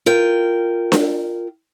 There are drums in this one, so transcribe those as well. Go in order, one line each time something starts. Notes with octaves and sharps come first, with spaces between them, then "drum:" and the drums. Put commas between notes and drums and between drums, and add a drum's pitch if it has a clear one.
F4 A#4 G5
drum: snare D4